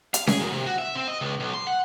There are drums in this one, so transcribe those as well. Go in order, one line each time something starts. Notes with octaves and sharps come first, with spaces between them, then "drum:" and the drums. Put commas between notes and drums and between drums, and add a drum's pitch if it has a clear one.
F5, drum: hi-hat
G#4, drum: snare C#4
F#2
C3
F#4
E5
C4
D#5
C#2
B1
C6
F#5